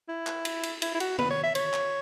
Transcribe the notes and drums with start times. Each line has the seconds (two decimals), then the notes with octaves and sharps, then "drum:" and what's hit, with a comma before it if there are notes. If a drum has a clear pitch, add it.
0.08 E4
0.27 drum: clap
0.45 drum: cymbal
0.63 drum: cymbal
0.82 E4, drum: cymbal
0.95 E4
1.00 F#4, drum: cymbal
1.18 B4, drum: tom D3
1.31 C#5
1.43 E5
1.55 C#5, drum: cymbal
1.74 drum: clap